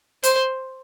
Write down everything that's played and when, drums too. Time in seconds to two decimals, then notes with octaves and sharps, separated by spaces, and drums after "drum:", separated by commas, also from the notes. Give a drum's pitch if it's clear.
0.24 C5, drum: hi-hat